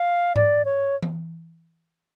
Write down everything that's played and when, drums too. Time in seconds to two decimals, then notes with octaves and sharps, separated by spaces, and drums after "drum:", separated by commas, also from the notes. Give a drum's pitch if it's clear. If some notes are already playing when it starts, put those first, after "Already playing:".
Already playing: F5
0.36 D5, drum: tom G#2
0.65 C#5
1.03 drum: tom E3